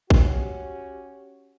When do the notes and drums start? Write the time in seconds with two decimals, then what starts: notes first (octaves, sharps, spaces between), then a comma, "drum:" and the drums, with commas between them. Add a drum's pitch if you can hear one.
0.10 C#4 F#4 G4, drum: kick A1